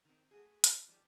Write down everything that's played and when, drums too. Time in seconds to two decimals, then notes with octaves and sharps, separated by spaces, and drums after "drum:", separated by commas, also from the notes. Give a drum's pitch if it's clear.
0.05 D#3 C4
0.31 A3 F#4 G#4
0.64 drum: hi-hat
0.87 D#3 F3 G3 G4